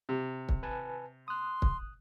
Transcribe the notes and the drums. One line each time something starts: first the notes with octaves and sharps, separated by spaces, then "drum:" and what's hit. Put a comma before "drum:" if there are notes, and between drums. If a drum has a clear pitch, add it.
C3
drum: kick
B4 G#5 A5
C6 D#6 F#6
drum: kick